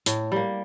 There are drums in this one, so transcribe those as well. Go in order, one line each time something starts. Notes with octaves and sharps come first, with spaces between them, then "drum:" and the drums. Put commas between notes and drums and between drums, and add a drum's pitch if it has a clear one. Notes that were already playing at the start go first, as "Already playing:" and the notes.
A2, drum: hi-hat
G3 A#3